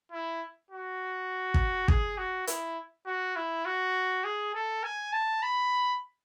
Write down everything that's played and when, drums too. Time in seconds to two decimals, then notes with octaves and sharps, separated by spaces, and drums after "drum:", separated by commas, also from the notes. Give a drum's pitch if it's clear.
0.12 E4
0.70 F#4
1.54 drum: kick
1.88 G#4, drum: kick
2.18 F#4
2.47 E4, drum: hi-hat
3.06 F#4
3.36 E4
3.65 F#4
4.24 G#4
4.54 A4
4.84 G#5
5.12 A5
5.42 B5